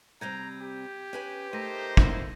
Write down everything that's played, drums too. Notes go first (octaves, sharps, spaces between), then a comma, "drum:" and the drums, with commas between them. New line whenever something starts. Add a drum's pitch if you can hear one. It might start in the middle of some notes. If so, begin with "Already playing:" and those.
C3 G3 C4 A#5 G6 G#6 D#7
G4
C#4 B4 G#5
A3 D#4 A#4 C5 A#6 D#7
E4, drum: kick